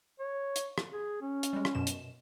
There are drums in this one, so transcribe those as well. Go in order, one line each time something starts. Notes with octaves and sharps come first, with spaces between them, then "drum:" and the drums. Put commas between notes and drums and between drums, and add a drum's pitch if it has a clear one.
C#5
drum: hi-hat
drum: rim click
G#4
C#4
drum: hi-hat
G3 G#3
drum: rim click
F#2 B2 E7
drum: hi-hat